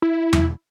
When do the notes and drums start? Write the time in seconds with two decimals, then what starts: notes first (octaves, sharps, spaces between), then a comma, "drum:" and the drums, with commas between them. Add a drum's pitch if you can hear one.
0.02 E4
0.33 drum: tom E2